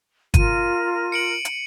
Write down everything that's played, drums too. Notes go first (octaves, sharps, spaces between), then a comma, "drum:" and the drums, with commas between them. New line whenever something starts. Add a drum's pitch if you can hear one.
F4 A#4 D#7, drum: kick, hi-hat
C#7 D7 F#7
drum: hi-hat